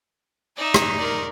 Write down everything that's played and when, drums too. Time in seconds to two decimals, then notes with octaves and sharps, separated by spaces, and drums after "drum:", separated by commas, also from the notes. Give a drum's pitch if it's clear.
0.57 D#4 D5 E5
0.74 drum: rim click
0.97 A#4 D5